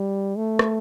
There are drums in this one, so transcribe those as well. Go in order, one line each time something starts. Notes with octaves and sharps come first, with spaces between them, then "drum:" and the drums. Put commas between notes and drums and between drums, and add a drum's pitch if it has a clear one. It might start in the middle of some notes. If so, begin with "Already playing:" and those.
Already playing: G3
A3
drum: rim click